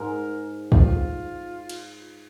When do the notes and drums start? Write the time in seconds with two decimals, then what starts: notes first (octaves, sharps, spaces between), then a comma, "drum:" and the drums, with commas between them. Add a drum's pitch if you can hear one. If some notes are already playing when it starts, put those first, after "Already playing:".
Already playing: G#2 A#4
0.72 F4, drum: kick
1.69 drum: cymbal